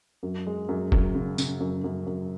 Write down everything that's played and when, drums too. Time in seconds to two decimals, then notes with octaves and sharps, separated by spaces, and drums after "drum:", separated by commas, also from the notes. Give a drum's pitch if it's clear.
0.23 F#2
0.47 G#3
0.69 F#2
0.92 F#2, drum: kick
1.15 C#3
1.38 C#3, drum: tambourine
1.60 F#2
1.84 F#2
2.06 F#2